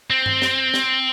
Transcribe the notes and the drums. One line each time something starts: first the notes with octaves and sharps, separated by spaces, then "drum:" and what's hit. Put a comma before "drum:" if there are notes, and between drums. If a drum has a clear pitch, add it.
C4
drum: tom G2
drum: snare
drum: snare